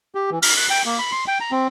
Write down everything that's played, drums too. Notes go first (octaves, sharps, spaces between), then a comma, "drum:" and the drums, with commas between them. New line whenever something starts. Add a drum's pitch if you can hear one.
G4
E3
F6, drum: open hi-hat
F#6
G5
A#3
B5
C6
G5
A#5
C4